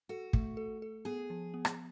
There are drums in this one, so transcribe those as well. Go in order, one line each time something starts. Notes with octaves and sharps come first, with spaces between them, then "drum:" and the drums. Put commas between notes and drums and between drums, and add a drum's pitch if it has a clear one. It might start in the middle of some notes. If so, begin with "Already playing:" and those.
F#4 A4
A3, drum: kick
A4
A4
B3 G#4
F3
B3
drum: rim click